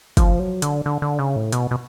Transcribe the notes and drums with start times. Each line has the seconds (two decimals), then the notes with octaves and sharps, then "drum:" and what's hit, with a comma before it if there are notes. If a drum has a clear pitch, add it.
0.17 F3, drum: kick, hi-hat
0.39 F#3
0.62 D3, drum: hi-hat
0.86 D3
1.02 D3
1.19 C#3
1.36 A2
1.52 B2, drum: hi-hat
1.71 B2